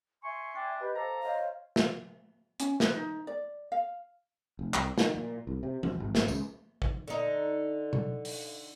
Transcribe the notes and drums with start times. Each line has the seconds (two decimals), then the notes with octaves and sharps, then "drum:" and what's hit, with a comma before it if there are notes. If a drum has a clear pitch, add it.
0.23 E5 G#5 C6 C#6
0.56 D4 G5
0.80 G4 B4 D#5
0.95 A4 C5 F5 A#5 D6
1.23 C5 C#5 D#5 F5
1.76 drum: snare
2.60 C#4, drum: hi-hat
2.80 B4, drum: snare
2.95 D#4
3.27 D5
3.72 F5
4.59 F1
4.74 C2, drum: clap
4.98 D#3, drum: snare
5.15 A#2
5.47 C2
5.63 C3
5.83 E1, drum: tom E3
6.00 G#1
6.15 G#1, drum: snare
6.28 C#2, drum: tambourine
6.82 drum: kick
7.08 D3 D#4
7.93 drum: tom B2
8.25 drum: open hi-hat